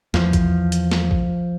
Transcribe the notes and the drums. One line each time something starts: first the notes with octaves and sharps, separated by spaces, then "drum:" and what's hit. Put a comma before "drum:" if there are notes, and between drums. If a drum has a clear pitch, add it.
E2 F3, drum: snare
drum: kick A1, hi-hat
drum: hi-hat
drum: snare
drum: kick A1